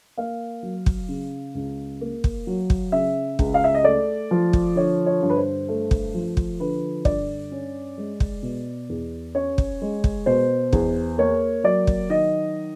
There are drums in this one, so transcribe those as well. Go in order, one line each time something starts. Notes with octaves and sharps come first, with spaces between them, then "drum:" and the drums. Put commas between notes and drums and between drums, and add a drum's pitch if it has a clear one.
A#3 F5
F#3
drum: kick
C#3
C#2
A#3
drum: kick
F#3
drum: kick
C#3 E5
C#2, drum: kick
F5
E5
D#5
A3 D5
F3
drum: kick
D3 C#5
C#5
G2
B4
C5
A3
drum: kick
F3
drum: kick
D3 B4
G2 D5, drum: kick
C#4
G#3
drum: kick
B2
E2
C#4 C#5
drum: kick
G#3
drum: kick
B2 C5
E2, drum: kick
A#3 C#5
F#3 D5
drum: kick
D#3 D#5